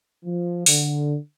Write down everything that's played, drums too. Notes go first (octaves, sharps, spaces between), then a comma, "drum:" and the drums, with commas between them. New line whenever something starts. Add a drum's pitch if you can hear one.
F3
D3, drum: open hi-hat